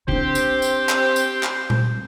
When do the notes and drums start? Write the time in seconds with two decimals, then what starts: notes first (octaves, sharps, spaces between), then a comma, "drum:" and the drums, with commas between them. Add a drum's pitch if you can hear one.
0.08 C4 D4 E4 G4 C5, drum: tom C#3
0.35 drum: tambourine
0.62 drum: tambourine
0.89 drum: clap
1.16 drum: tambourine
1.43 drum: clap
1.70 drum: tom A#2